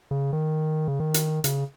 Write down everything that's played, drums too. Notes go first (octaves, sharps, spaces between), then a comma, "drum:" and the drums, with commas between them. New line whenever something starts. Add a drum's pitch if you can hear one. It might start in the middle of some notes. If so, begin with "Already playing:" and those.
C#3
D#3
C#3
D#3
drum: hi-hat
C#3, drum: hi-hat